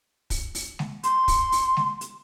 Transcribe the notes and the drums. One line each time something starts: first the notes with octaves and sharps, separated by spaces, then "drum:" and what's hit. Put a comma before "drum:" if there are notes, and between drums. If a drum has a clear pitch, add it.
drum: kick, open hi-hat
drum: open hi-hat
drum: snare G#3
C6, drum: hi-hat
drum: kick, open hi-hat
drum: open hi-hat
drum: snare G#3
drum: hi-hat